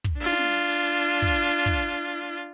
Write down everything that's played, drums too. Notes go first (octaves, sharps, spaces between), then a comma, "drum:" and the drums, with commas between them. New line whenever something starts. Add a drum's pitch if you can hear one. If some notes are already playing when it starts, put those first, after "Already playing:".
drum: kick
D4 F4
drum: snare
drum: kick
drum: kick